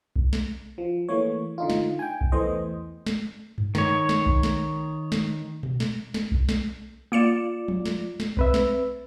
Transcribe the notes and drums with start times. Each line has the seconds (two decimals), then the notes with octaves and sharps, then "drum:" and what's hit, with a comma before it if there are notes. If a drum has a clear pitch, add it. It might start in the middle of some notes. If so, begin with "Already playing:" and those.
0.16 drum: kick B1
0.33 drum: snare
0.78 F3
1.09 E3 A3 A#3 C#5
1.58 D3 D#4 F4
1.70 drum: snare
1.99 G5 G#5
2.21 drum: kick B1
2.32 E2 E3 A3 C5 D#5
3.06 drum: snare
3.58 drum: tom G2
3.75 D#3 C#5, drum: snare
4.09 drum: snare
4.26 drum: kick B1
4.43 drum: snare
5.12 drum: snare
5.63 drum: tom A#2
5.80 drum: snare
6.14 drum: snare
6.32 drum: kick B1
6.49 drum: snare
7.12 A#3 F4 D5 C#7 E7
7.68 drum: tom F3
7.85 drum: snare
8.20 drum: snare
8.37 C4 B4 E5, drum: kick B1
8.54 drum: snare